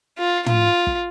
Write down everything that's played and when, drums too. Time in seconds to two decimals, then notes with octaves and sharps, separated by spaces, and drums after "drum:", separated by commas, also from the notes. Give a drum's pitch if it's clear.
0.18 F4
0.46 F4, drum: tom
0.87 drum: kick